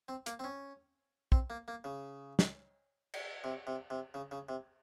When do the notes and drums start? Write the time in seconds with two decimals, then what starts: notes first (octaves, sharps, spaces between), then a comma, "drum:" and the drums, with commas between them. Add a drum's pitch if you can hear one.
0.08 C4
0.26 A#3, drum: hi-hat
0.39 C4
0.44 C#4
1.32 C4, drum: kick
1.50 A#3
1.68 A#3
1.84 C#3
2.39 drum: snare
3.14 drum: cymbal
3.44 C3
3.67 C3
3.90 C3
4.14 C#3
4.31 C#3
4.49 C3